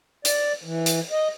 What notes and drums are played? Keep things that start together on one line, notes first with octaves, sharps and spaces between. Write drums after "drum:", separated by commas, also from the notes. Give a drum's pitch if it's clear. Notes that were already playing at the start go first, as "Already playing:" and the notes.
D5, drum: hi-hat
E3
drum: hi-hat
D#5